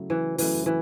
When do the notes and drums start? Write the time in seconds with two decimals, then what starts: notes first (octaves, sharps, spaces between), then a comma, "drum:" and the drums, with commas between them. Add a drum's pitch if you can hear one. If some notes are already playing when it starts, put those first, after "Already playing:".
Already playing: C#3 F#3 A3 E4
0.10 E3
0.38 C#3 E3 F#3 A3 E4, drum: open hi-hat
0.66 E3